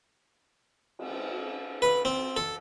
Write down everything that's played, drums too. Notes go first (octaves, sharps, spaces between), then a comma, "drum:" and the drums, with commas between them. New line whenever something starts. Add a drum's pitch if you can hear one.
drum: cymbal
B4
C4
A4